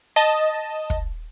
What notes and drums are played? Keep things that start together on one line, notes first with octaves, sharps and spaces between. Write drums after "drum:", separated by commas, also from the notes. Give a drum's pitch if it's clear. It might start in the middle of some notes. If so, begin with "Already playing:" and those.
D#5 A5
drum: kick